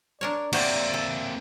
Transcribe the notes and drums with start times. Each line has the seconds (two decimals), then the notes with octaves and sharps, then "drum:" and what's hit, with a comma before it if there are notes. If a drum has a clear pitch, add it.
0.21 D4 A#4 C#5 D5
0.53 A#3 C4 F#4 G4 C5 D5 E5, drum: cymbal
0.94 A4